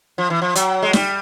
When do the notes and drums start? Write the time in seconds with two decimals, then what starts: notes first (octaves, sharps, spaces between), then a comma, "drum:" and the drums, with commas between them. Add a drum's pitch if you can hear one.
0.18 F3
0.30 E3
0.42 F3
0.55 F#3, drum: hi-hat
0.82 G#3
0.93 G3, drum: snare